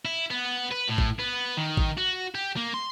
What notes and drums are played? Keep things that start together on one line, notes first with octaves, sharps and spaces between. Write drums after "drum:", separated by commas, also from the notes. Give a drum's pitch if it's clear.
E4
B3
B4
A2
drum: kick
B3
D#3
drum: kick
F#4
G4
A#3
C6